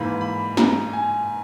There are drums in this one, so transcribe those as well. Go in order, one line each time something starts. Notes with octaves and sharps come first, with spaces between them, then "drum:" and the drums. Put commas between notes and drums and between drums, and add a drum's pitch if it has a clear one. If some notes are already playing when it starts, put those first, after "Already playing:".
Already playing: G#2 E3 A#3 B5
B5
A#5, drum: snare
G#5